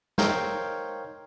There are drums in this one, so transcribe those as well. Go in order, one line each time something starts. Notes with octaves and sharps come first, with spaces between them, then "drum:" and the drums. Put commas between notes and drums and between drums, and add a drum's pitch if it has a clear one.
D#4 A#4 C5 C#5 F5 G5, drum: snare